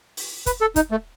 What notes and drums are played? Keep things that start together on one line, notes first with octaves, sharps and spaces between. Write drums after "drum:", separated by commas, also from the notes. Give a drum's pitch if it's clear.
drum: open hi-hat
B4, drum: kick, hi-hat
A4
D#4, drum: kick, hi-hat
A3